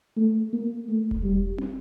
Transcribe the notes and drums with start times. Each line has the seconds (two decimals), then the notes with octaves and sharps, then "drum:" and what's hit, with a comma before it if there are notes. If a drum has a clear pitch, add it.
0.16 A3
0.53 A#3
0.88 A3
1.11 drum: kick E1
1.23 G3
1.58 drum: tom